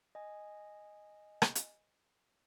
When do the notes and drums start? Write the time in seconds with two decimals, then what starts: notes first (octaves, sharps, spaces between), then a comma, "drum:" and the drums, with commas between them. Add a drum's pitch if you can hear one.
0.15 D#5 G#5
1.42 drum: rim click
1.55 drum: hi-hat